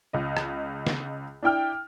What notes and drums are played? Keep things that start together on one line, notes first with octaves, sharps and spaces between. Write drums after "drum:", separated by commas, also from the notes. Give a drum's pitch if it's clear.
C#2 D#5
drum: rim click
drum: snare
D4 E4 G5 F6